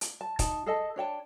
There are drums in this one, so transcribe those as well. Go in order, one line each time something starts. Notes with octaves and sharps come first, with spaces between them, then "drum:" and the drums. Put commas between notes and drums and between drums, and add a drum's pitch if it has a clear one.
drum: hi-hat
A5
D#4 A5, drum: kick D#1, hi-hat
G#4 A4 D#5 A5
D4 C#5 G5 A5